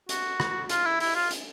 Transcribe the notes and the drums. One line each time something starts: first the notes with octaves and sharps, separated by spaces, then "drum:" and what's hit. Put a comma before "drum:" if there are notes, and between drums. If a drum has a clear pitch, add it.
F#4, drum: hi-hat
drum: rim click
F4, drum: hi-hat
E4
E4, drum: open hi-hat
F4
drum: hi-hat